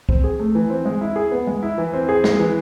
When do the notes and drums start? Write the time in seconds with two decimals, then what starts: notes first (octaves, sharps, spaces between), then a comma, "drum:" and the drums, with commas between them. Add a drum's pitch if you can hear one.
0.09 C4, drum: kick
0.24 G#4
0.39 A3
0.55 E3
0.70 C4
0.85 G#3
1.01 E4
1.16 G#4
1.32 B3
1.47 G#3
1.63 E4
1.78 E3
1.93 C4
2.09 G#4
2.24 G#3, drum: snare
2.39 E3